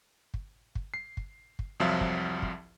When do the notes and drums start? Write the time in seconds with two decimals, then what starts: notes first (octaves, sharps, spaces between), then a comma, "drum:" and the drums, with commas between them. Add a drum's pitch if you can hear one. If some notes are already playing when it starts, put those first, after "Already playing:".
0.34 drum: kick
0.75 drum: kick
0.94 C7
1.17 drum: kick
1.59 drum: kick
1.80 C2 F2 F3 F#3 F4 E5
2.01 drum: kick
2.42 drum: kick